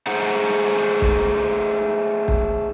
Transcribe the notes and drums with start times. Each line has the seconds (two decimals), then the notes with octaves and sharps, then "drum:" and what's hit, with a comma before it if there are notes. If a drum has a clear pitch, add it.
0.07 A3 D#4 G#4 C5 F#5
1.01 drum: kick
2.28 drum: kick